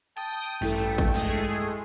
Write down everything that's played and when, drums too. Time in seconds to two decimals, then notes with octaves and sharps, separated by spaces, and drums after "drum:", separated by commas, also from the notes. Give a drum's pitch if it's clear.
0.17 G5 A5 D#6
0.44 drum: hi-hat
0.61 A1 G2 A3 E4 A4 G5
0.98 drum: kick, hi-hat
1.14 G#3 A3 G#4
1.53 drum: hi-hat